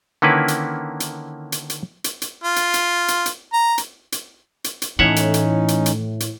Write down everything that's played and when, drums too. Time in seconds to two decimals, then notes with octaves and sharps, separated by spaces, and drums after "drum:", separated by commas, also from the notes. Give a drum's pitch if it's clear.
0.22 D3 D#3 A#3 C#4 E4 B4
0.48 drum: hi-hat
1.00 drum: hi-hat
1.52 drum: hi-hat
1.70 drum: hi-hat
2.04 drum: hi-hat
2.22 drum: hi-hat
2.44 F4
2.56 drum: hi-hat
2.74 drum: hi-hat
3.08 drum: hi-hat
3.26 drum: hi-hat
3.53 A#5
3.78 drum: hi-hat
4.12 drum: hi-hat
4.64 drum: hi-hat
4.82 drum: hi-hat
4.99 A2 E3 C#4 D#4 C#5 E5 F#5
5.16 drum: hi-hat
5.34 drum: hi-hat
5.68 drum: hi-hat
5.86 drum: hi-hat
6.20 drum: hi-hat